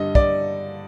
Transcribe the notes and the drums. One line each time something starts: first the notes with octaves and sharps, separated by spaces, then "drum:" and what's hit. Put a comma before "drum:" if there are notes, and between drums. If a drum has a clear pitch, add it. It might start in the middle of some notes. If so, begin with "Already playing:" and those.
Already playing: G2 D3 G3 D#5
D5, drum: kick